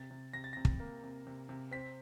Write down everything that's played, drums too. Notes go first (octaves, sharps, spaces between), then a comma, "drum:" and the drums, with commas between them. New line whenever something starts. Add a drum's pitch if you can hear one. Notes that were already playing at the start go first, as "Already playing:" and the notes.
Already playing: C3 A6
C3
C3 A#6
A6
C3 A#6
drum: kick
A#3
C3
C3
C3
C4 B6